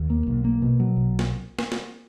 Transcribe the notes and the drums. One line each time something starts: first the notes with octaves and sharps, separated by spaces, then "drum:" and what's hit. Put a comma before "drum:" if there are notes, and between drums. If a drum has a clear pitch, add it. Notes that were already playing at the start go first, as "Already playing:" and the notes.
Already playing: D#2
A#3
B1
A#3
B2
F#3
B1
drum: snare
drum: snare
drum: snare